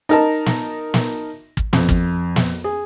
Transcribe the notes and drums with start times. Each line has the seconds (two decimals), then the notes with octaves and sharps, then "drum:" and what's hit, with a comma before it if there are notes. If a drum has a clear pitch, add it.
0.09 D#4 A#4 A5
0.46 drum: snare
0.94 drum: snare
1.57 drum: kick
1.73 F2, drum: snare
1.89 drum: kick
2.36 drum: snare
2.64 G#4